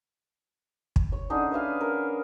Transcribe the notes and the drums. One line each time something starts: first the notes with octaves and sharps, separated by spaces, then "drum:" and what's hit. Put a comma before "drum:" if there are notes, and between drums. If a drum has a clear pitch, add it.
drum: kick
C#5
D3 C#4 D#4 G#4
B4 E5 F5 G#5
A#4